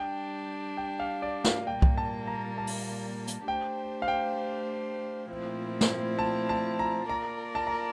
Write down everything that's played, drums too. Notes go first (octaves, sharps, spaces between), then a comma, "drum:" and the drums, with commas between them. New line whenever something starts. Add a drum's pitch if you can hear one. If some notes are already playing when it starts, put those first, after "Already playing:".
Already playing: G3 D4 G4 G5
G5
F5
D5
F5, drum: snare
A#2 G3 A#3 G5
drum: kick C2
A5
A#5
A5
drum: open hi-hat
drum: hi-hat
A3 D4 G4 C5 G5
F5
G5
A#2 F3 A3 C4 E4
drum: snare
A5
A5
A#5
A#3 F4 A#4 D5 A#5
A5
A#5